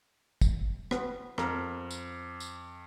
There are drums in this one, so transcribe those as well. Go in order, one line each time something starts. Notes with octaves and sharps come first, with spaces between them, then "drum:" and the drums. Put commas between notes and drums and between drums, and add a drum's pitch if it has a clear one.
drum: kick, tambourine
B3, drum: rim click
F2 A#4, drum: rim click
drum: tambourine
drum: tambourine